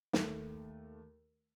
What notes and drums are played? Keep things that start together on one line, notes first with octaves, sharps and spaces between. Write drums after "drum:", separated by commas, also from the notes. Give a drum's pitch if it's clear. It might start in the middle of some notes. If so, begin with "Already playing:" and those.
D#2 A3, drum: snare